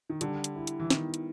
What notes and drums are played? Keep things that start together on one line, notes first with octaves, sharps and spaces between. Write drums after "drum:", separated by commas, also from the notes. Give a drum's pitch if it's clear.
D#3
D3 G3, drum: hi-hat
drum: hi-hat
E4
drum: hi-hat
E3
D#3 B3, drum: snare
drum: hi-hat